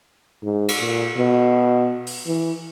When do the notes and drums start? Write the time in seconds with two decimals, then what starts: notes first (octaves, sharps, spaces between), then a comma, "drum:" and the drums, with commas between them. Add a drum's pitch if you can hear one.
0.43 G#2
0.68 drum: cymbal
0.80 A#2
1.17 B2
2.07 drum: open hi-hat
2.26 E3